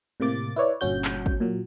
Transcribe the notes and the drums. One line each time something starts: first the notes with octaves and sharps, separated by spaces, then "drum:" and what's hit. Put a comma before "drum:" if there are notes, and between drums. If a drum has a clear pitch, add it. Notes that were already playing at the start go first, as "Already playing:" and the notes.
A2 C3 A#3 D6 A6
E4 B4 C#5 D5
G1 G2 A#2 C#4 F#4 G6
drum: clap
drum: kick
A#2 F#3